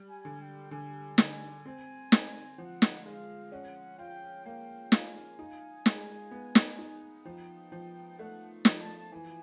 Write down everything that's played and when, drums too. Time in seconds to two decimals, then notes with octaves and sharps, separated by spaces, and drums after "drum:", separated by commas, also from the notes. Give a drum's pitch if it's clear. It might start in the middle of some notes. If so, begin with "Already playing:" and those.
Already playing: G3
0.10 G#5
0.25 D3
0.41 G5
0.71 D3 G#5
1.18 D3 G#5, drum: snare
1.65 C4 G#5
2.12 C4, drum: snare
2.58 F3 F#5
2.82 drum: snare
3.05 G#3 F5
3.52 C#4 F#5
3.98 F4 G5
4.45 A#3 G5
4.92 F4 G#5, drum: snare
5.39 D#4
5.86 G#3, drum: snare
6.31 B3
6.55 drum: snare
6.79 D#4
7.25 F3 G5
7.72 F3
8.19 A3 F#5
8.65 F3, drum: snare
8.81 A5
9.12 E3 G#5